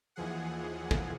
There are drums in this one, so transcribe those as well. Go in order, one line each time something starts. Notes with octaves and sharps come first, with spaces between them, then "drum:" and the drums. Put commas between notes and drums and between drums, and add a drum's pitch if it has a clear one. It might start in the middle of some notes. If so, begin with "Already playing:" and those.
D#2 E3 F3 G#4 F#5
drum: kick